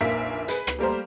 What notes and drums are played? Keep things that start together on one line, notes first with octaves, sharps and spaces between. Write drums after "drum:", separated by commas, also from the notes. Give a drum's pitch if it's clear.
F1 A#1 A#3 E5 B6
G#4 B4, drum: hi-hat
drum: rim click
G3 A3 A#3 G4 A#4 C5